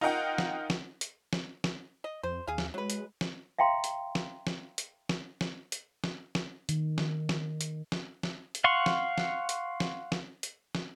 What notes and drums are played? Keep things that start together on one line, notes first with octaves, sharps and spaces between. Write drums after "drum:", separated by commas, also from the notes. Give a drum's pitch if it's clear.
D#4 F4 A#4 D#5 F#5 G5
drum: snare
drum: snare
drum: hi-hat
drum: snare
drum: snare
D#5
F2 C5
D#2 G#4 F5
drum: snare
F#3 G#3 B4
drum: hi-hat
drum: snare
E5 F5 G5 A#5 C6
drum: hi-hat
drum: snare
drum: snare
drum: hi-hat
drum: snare
drum: snare
drum: hi-hat
drum: snare
drum: snare
D#3, drum: hi-hat
drum: snare
drum: snare
drum: hi-hat
drum: snare
drum: snare
drum: hi-hat
F5 F#5 C6 C#6
drum: snare
drum: snare
drum: hi-hat
drum: snare
drum: snare
drum: hi-hat
drum: snare